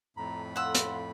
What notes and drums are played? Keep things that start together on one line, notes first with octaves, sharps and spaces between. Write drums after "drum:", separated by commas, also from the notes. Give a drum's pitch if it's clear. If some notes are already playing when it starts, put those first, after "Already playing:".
F2 A2 A#5 B5
A4 F5 F#5 C6 E6
drum: hi-hat